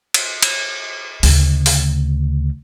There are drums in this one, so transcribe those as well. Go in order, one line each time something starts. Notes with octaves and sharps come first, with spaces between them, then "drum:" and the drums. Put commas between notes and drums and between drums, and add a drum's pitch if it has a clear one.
drum: cymbal
drum: cymbal
D2 C#3, drum: open hi-hat
drum: open hi-hat